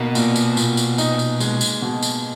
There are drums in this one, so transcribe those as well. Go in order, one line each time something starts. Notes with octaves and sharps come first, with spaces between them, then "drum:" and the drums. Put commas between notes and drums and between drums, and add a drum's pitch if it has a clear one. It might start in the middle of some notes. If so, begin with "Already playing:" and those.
Already playing: B2 A#3 D#4
A#2, drum: tambourine
drum: tambourine
A#2, drum: tambourine
drum: tambourine
D#4, drum: tambourine
drum: tambourine
G#3, drum: tambourine
drum: tambourine
B2
drum: tambourine